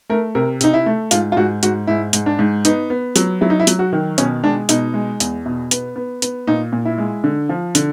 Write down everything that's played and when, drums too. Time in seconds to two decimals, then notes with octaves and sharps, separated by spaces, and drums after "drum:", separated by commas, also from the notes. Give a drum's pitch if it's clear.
0.09 A3 A#4
0.35 C3 A#4
0.61 C3 D#4, drum: hi-hat
0.74 E4
0.86 A3
1.11 G#2 F4, drum: hi-hat
1.32 F4
1.37 G#2 F#4
1.63 G#2 F#4, drum: hi-hat
1.87 G#2 E4
2.13 G#2, drum: hi-hat
2.26 D4
2.39 G#2
2.65 B3 D#4, drum: hi-hat
2.90 B3
3.16 F#3, drum: hi-hat
3.41 F#3 E4
3.50 D#4
3.60 E4
3.67 F#3, drum: hi-hat
3.79 F#4
3.93 D#3
4.18 B2 C#4, drum: hi-hat
4.44 G#3 D4
4.69 B2 D#4, drum: hi-hat
4.94 G#3
5.20 E2, drum: hi-hat
5.46 B2
5.71 B3, drum: hi-hat
5.96 B3
6.22 B3, drum: hi-hat
6.47 A#2 D#4
6.73 A#2
6.85 E4
6.98 G#3
7.24 D3
7.49 F3
7.75 D3, drum: hi-hat